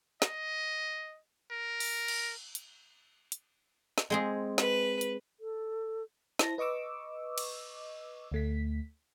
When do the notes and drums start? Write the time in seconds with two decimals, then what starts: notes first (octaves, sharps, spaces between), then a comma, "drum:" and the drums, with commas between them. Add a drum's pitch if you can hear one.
0.22 D#5, drum: snare
1.51 A#4
1.80 drum: open hi-hat
2.08 drum: cymbal
2.55 drum: hi-hat
3.32 drum: hi-hat
3.98 drum: snare
4.10 G#3 C4 G#4
4.58 B4, drum: snare
5.01 drum: hi-hat
5.40 A4
6.39 E4 C5 A5 A#6, drum: snare
6.58 B4 D#5 C#6 D6 E6
7.38 drum: cymbal
8.32 D2 A3 B6